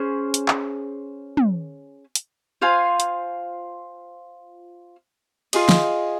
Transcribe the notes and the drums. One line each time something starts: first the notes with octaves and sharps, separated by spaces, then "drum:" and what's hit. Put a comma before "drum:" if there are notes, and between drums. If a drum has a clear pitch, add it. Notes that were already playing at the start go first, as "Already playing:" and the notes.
Already playing: C#4 G#4 C5
drum: hi-hat
drum: clap
drum: tom
drum: hi-hat
F4 C5 F5 G#5
drum: hi-hat
F4 G#4 D#5, drum: cymbal
drum: snare